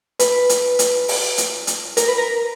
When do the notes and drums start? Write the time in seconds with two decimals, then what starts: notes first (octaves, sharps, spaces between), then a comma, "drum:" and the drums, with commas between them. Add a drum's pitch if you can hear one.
0.19 B4, drum: hi-hat
0.49 drum: hi-hat
0.79 drum: hi-hat
1.08 drum: open hi-hat
1.38 drum: hi-hat
1.67 drum: hi-hat
1.97 A#4, drum: hi-hat
2.08 B4
2.18 A#4